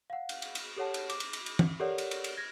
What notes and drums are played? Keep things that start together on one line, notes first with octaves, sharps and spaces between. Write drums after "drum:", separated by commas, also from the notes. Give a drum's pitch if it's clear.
F5 F#5
drum: cymbal
drum: cymbal
drum: cymbal
G4 A4 C#5 F#5 A5
drum: cymbal
D6, drum: cymbal
drum: cymbal
drum: cymbal
drum: cymbal
drum: tom
G4 A4 A#4 C#5 D5 F#5
drum: cymbal
drum: cymbal
drum: cymbal
G#6 A#6